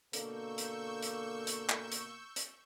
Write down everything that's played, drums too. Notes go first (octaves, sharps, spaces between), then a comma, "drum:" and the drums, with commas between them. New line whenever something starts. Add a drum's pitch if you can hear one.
B2 D3 A#3 C#6 E6 G6, drum: hi-hat
drum: hi-hat
drum: hi-hat
drum: hi-hat
drum: clap
drum: hi-hat
drum: hi-hat